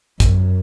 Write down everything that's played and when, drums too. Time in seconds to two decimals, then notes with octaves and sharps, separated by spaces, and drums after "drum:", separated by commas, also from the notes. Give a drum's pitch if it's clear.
0.20 F#2, drum: kick, hi-hat